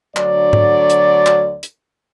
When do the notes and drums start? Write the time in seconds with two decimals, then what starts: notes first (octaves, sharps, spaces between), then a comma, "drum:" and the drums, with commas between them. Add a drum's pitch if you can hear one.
0.16 D2 D3 F#3 D5, drum: clap
0.53 drum: tom G#2
0.90 drum: hi-hat
1.26 drum: clap
1.63 drum: hi-hat